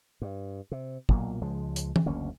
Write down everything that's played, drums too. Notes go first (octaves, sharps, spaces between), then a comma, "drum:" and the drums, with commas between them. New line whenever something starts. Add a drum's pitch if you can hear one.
G2
C3
B1 A#2 F#3 A#3, drum: kick
C#2 F3 G#3
drum: hi-hat
drum: tom
F#1 D2 A#3 C#4